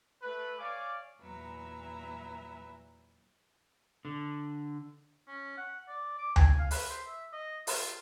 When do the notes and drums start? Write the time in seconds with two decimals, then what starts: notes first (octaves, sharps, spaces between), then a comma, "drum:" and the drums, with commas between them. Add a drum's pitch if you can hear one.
0.22 A3 B4
0.58 C#5 D5 F5 G#5 D6
1.21 E2 A#2 F#3 B4 E5 A#5
4.05 D3
5.28 C#4
5.57 F#5
5.88 D5
6.19 D6
6.36 G#5, drum: tom D2
6.59 F5
6.71 B4, drum: open hi-hat
6.90 C5
7.08 E5
7.33 D#5
7.67 F4, drum: open hi-hat